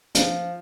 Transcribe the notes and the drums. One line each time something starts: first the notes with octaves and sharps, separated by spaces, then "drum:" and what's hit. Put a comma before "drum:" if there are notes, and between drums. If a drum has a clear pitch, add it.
F3, drum: hi-hat